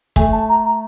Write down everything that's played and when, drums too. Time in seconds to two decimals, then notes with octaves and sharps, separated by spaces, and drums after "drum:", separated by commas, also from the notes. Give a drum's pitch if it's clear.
0.16 A3 G#5, drum: kick
0.33 A5
0.49 A#5
0.65 A#5